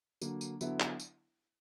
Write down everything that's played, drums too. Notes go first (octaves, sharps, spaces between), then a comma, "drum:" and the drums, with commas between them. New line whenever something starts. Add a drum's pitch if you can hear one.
D3 F#3 A#3, drum: tambourine
drum: tambourine
D3 F#3 B3 E4, drum: tambourine
drum: clap
drum: tambourine